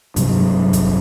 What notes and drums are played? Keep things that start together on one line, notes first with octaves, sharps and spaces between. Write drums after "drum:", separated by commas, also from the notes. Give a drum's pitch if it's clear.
G2 C3 F#3, drum: hi-hat
drum: kick, hi-hat